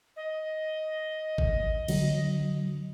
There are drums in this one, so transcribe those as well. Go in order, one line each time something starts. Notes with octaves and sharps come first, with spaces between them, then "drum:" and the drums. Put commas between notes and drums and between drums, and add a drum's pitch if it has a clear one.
D#5
drum: kick G#1
D3 F#3, drum: cymbal